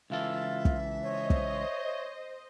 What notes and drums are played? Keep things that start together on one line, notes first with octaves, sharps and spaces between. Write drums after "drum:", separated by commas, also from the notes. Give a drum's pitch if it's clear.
C#2 E3 F4 A4 E5
drum: kick
C5 C#5 D#5
drum: kick